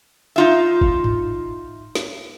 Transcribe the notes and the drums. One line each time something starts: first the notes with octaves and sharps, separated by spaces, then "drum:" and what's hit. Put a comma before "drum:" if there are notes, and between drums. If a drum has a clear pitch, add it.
D#4 F4 E5
drum: kick
drum: tom G#2
drum: snare